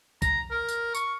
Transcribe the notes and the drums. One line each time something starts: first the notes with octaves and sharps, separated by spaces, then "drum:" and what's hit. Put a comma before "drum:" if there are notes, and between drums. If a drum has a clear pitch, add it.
A#5, drum: kick, tambourine
A#4
drum: tambourine
C#6, drum: tambourine